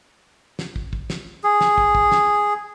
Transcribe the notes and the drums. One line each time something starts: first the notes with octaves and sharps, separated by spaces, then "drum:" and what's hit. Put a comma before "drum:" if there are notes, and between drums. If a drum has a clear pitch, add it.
drum: snare
drum: kick
drum: kick
drum: snare
G#4
drum: snare
drum: kick
drum: kick
drum: snare